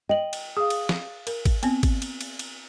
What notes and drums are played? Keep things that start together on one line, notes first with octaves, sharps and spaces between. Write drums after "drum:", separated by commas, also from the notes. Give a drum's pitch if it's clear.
D#5 G5 F#7
drum: cymbal
G#4 F5 D#6
drum: cymbal
drum: snare
A#4, drum: cymbal
drum: kick, cymbal
B3 C4, drum: cymbal
drum: kick, cymbal
drum: cymbal
drum: cymbal
drum: cymbal